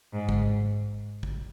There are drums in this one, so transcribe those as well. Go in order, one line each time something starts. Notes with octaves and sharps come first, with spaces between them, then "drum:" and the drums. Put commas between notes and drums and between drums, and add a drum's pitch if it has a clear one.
G#2
drum: kick
drum: kick